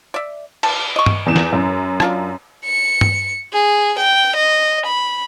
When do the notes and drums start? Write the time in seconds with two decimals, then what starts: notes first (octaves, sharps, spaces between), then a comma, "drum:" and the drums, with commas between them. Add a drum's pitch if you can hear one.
0.14 D5 E5
0.63 A5, drum: cymbal
0.96 D#5 C#6
1.06 drum: tom
1.26 E2 E7
1.36 drum: snare
1.52 F#2
2.00 D4 F4 A5, drum: rim click
2.66 C#7
3.01 drum: tom
3.53 G#4
3.99 G5
4.37 D#5
4.86 B5